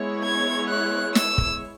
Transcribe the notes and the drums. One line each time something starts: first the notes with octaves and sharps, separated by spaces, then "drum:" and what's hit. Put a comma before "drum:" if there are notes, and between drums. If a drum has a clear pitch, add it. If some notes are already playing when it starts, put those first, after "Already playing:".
Already playing: G#3 B3 E4 C#5
G#6
F#6
E6, drum: snare
drum: kick